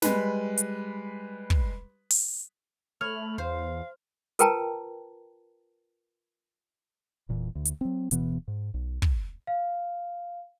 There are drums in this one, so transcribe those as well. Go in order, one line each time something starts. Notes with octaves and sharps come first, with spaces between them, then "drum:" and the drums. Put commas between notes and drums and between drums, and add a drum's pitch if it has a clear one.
G3 G#3 B4, drum: snare
drum: hi-hat
drum: kick
drum: open hi-hat
A3 C#5 B5 F6
E2 C5 F5
F4 A#4 B4 G5 A5 A#5, drum: hi-hat
E1 A#2 E3
D2
drum: hi-hat
F#3 C4
D1 B2 E3 B3, drum: hi-hat
G#2
B1
drum: kick
F5